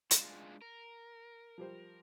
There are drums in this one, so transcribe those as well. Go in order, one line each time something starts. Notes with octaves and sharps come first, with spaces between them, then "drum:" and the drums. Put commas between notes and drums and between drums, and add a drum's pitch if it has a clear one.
G#3 D4 F4, drum: hi-hat
A#4
F3 G3 C5